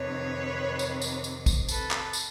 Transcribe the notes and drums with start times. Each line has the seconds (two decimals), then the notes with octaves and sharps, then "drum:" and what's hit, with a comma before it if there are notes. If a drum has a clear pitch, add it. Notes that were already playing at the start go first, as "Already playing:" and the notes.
Already playing: F2 C3 D#3 B4 C#5
0.79 drum: tambourine
1.02 drum: tambourine
1.24 drum: tambourine
1.46 drum: kick, tambourine
1.68 A4 B4, drum: tambourine
1.91 drum: clap
2.13 drum: tambourine